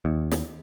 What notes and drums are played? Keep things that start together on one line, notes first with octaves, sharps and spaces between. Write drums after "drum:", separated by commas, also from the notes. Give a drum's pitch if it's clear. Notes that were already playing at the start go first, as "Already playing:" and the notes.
D#2
drum: snare